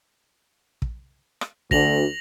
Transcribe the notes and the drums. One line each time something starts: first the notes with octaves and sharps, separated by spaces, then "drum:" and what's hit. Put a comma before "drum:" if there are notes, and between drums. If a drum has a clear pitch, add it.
drum: kick
drum: rim click
D2 A#6 F7 F#7, drum: kick